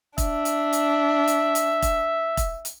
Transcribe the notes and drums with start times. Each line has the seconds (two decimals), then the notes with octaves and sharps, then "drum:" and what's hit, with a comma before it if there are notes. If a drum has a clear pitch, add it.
0.18 D4 E5, drum: kick E1, hi-hat
0.45 drum: hi-hat
0.73 drum: hi-hat
1.28 drum: hi-hat
1.55 drum: hi-hat
1.82 drum: kick E1, hi-hat
2.37 drum: kick E1, hi-hat
2.65 drum: hi-hat